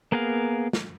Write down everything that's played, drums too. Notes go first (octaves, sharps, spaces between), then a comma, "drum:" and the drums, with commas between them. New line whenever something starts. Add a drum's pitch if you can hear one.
A#3 B3 G#4 A#4 F5
drum: snare